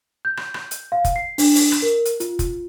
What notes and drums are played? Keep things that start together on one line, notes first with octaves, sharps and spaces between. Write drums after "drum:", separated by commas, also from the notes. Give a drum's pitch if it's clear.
G6
drum: rim click
drum: rim click
drum: hi-hat
F5
drum: kick F1, hi-hat
C7
D4, drum: open hi-hat
drum: open hi-hat
drum: rim click
A#4
drum: hi-hat
F4, drum: hi-hat
drum: kick F1, hi-hat